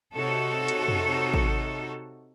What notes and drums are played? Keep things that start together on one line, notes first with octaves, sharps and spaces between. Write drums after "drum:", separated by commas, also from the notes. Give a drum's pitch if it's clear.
C3 D#4 F#4 A4 C#5
drum: hi-hat
drum: tom F2
drum: kick